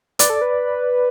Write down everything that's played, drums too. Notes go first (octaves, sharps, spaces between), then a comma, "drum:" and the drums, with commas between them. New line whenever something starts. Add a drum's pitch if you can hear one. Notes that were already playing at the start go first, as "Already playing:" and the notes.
B4 D5, drum: hi-hat
A4
B4